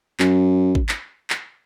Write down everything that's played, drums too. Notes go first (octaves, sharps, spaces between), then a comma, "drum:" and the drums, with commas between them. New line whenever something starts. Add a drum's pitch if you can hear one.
F#2, drum: clap
drum: kick
drum: clap
drum: clap